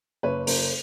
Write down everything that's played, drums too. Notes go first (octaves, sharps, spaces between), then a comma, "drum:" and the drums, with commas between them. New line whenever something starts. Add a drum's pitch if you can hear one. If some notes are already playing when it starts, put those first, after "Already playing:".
F#1 B4 C#5
F#1 A#4 C5, drum: open hi-hat